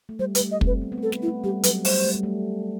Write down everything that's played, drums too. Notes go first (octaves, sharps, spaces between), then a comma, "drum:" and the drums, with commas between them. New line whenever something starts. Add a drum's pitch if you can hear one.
A3
G3 C5
B4, drum: hi-hat
A3
D#5
C4, drum: kick
B4
B3
B3
A3 A4
B3, drum: snare
E4
A3
G3 G4
F#3 B4, drum: hi-hat
G3 C5, drum: open hi-hat
A3
G3
A3